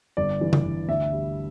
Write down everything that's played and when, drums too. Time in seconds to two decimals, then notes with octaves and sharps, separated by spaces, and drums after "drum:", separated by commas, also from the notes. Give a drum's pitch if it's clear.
0.17 G1 D5
0.41 E3
0.53 drum: tom C#3
0.65 G1
0.88 D2 E5
1.12 G3